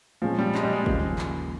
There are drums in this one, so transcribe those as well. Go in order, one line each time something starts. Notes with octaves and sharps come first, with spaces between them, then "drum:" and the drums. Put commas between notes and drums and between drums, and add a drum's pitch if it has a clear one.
A#2 F3 G#3 C#4
G3
G#3, drum: clap
G3
G#3
D#2 C#3 F3, drum: kick G1
drum: clap